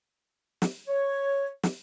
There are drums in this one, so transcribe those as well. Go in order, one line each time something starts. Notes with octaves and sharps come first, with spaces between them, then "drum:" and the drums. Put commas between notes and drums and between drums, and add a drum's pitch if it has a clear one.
drum: snare
C#5
drum: snare